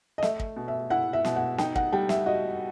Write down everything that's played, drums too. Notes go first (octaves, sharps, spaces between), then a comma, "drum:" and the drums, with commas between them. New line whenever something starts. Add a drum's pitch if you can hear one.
D#5
A3 E5, drum: snare
drum: kick
B2
E5
E4 F#5
E5
B2, drum: snare
F#5
D#4 G5, drum: snare
F#5, drum: kick
G3 G5
E5, drum: snare
F#4 D#5